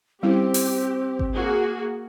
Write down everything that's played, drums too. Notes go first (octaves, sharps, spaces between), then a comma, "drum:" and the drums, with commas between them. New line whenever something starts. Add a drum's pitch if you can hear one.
G3 C4 C#4 E4 G4
drum: open hi-hat
drum: kick G#1
A#3 F#4 G#4